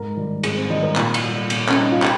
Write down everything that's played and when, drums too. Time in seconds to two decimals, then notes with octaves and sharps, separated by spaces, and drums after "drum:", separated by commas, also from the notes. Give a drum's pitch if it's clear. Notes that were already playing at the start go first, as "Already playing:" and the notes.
Already playing: G#2 A#4
0.17 D#3 G3
0.43 G#2 G#4, drum: cymbal
0.56 C4
0.70 D#3 G3 D#4
0.83 A#4
0.96 A#2, drum: clap
1.14 drum: cymbal
1.23 G3
1.50 A#2, drum: cymbal
1.69 C#4, drum: clap
1.76 G3 D#4
1.91 F4
2.02 G4, drum: clap